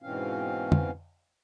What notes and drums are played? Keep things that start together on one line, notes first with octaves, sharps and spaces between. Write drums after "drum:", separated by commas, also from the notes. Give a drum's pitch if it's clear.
G#2 B2 E3 C4 C#4 F5
drum: tom